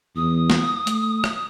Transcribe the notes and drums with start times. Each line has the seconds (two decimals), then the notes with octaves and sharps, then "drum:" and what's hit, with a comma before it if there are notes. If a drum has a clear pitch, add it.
0.16 E2 D#6
0.50 drum: snare
0.87 A3, drum: hi-hat
1.24 drum: rim click